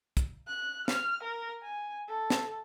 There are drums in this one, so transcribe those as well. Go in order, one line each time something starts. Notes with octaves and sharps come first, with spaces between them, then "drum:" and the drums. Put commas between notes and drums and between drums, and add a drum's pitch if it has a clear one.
drum: kick, hi-hat
F#6
F6, drum: snare
A#4
G#5
A4
drum: snare